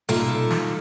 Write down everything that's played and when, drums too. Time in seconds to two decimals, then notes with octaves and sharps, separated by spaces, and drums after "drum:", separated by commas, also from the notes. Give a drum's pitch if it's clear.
0.09 G3 A#3 D#4 F4 A4 E5, drum: tom B2
0.50 drum: snare